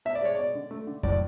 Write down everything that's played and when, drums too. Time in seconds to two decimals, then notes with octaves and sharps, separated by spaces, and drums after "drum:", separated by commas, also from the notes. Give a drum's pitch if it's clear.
0.05 B2 E5
0.15 D5
0.22 G#3 C#5
0.35 B2 D5
0.55 D3
0.71 A3
0.87 D3
1.03 A2 D5, drum: kick F2